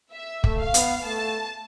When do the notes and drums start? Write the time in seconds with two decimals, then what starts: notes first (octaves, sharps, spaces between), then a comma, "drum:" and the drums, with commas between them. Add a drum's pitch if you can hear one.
0.12 E5
0.44 A3, drum: kick
0.58 F5
0.74 B3, drum: hi-hat
1.05 A3 A5